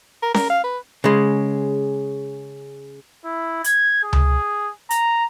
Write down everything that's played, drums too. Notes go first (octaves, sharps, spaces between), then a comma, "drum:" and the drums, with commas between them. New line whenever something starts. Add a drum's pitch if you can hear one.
A#4
A#4, drum: snare C#4
F5
B4
C#3 G#3
E4
G#6, drum: hi-hat
G#4
drum: tom C#2
A#5, drum: hi-hat